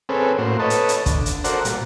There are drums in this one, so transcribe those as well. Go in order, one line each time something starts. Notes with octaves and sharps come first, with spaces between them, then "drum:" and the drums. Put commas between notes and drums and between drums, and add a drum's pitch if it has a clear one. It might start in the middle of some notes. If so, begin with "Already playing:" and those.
C4 C#4 G#4 A4 B4
A2 A#3 F#4 C5
A4 B4 C#5 D#5 A5
drum: hi-hat
drum: hi-hat
D3, drum: kick, hi-hat
drum: hi-hat
F#4 A4 A#4 C5 D5 F#5, drum: hi-hat
A#2 G3, drum: hi-hat